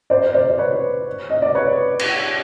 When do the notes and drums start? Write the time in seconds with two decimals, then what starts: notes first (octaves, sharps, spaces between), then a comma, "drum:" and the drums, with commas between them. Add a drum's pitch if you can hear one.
0.10 C5 D5
0.34 C5 D5
0.49 D5
0.58 B4 C#5
1.30 D#5
1.42 D5
1.55 B4 C#5
1.99 drum: cymbal